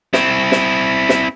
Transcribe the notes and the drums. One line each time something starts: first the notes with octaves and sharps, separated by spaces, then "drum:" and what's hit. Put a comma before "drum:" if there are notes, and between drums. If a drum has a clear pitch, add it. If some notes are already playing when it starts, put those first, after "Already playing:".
C4 E4, drum: snare
drum: snare
drum: snare